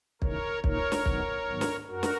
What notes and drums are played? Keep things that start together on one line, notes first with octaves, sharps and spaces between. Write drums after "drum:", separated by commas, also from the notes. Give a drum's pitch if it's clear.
C#3 E3 A#3 D#4 A#4 C#5, drum: kick
A#2 A#3 D#4 A#4 C#5, drum: kick
drum: snare
B2 F#3 B3 D#4, drum: kick
G#2 D#3 F#3 B3
drum: snare
F#2 F#4 A#4
drum: snare